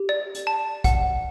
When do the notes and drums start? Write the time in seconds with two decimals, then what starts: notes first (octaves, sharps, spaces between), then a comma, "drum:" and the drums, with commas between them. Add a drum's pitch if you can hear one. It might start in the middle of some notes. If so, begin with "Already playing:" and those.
Already playing: G4
0.09 D5
0.34 drum: hi-hat
0.47 A5
0.84 F#5, drum: kick, hi-hat